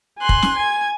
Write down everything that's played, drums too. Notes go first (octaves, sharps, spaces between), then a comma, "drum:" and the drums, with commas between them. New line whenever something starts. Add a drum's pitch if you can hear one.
G#5 C6 F#6
drum: kick
drum: snare
G#5 G#6